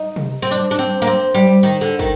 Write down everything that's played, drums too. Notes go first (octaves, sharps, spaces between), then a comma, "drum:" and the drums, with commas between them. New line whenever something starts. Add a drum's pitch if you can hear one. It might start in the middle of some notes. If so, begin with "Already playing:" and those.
Already playing: D#4
drum: tom C3
C4
D4
D4
C4
A#3
C4
G3
D#3
D3
D#3, drum: kick